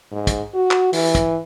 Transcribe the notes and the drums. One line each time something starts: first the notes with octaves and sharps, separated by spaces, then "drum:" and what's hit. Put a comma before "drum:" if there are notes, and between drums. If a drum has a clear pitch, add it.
G#2
drum: kick, hi-hat
F#4
drum: clap
E3, drum: open hi-hat
drum: kick, hi-hat